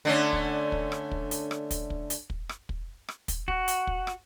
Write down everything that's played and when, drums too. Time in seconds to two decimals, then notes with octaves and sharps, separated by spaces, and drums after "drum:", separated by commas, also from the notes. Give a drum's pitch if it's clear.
0.05 D3 A3 C#4
0.33 drum: kick
0.72 drum: kick
0.92 drum: rim click
1.11 drum: kick
1.31 drum: hi-hat
1.51 drum: rim click
1.71 drum: kick, hi-hat
1.90 drum: kick
2.10 drum: hi-hat
2.30 drum: kick
2.49 drum: rim click
2.69 drum: kick
3.09 drum: rim click
3.28 drum: kick, hi-hat
3.48 F#4, drum: kick
3.68 drum: hi-hat
3.87 drum: kick
4.07 drum: rim click